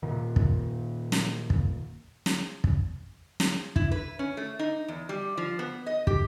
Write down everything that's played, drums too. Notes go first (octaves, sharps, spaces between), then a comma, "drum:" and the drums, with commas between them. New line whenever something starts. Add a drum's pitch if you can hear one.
A#2 D#3
drum: kick
drum: snare
drum: kick
drum: snare
drum: kick
drum: snare
E4, drum: kick
B4
C#4
A3
D#4
E2
G3
F3
B3
D#5
G4, drum: kick